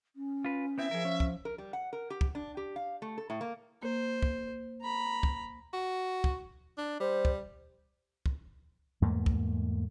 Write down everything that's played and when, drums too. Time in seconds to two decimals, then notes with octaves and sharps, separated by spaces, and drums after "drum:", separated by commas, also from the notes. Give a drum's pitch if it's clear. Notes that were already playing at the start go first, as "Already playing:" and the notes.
0.16 C#4
0.44 F4 B4
0.78 B3 C4 E4 E5
0.91 F3 G#4 A#4
1.05 C#4
1.20 drum: kick
1.45 A#4
1.58 G3
1.73 F#5
1.93 A#4
2.10 G4
2.21 drum: kick
2.35 D4
2.57 G4
2.76 F5
3.02 A3
3.18 A4
3.30 A2
3.41 A#3
3.83 A#3 C5
4.22 drum: kick
4.82 A#5 B5
5.23 drum: kick
5.74 F#4
6.24 drum: kick
6.78 D4
7.00 G3 C5
7.25 drum: kick
8.26 drum: kick
9.02 E2 G#2 A3 A#3
9.26 drum: kick